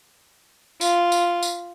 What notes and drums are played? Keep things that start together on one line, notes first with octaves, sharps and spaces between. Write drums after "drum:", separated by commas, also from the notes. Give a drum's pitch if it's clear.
F4, drum: tambourine
drum: tambourine
drum: tambourine